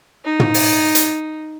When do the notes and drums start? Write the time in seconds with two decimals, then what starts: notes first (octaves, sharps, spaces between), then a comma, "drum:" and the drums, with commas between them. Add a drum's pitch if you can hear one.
0.25 D#4
0.40 drum: tom
0.54 drum: open hi-hat
0.95 drum: hi-hat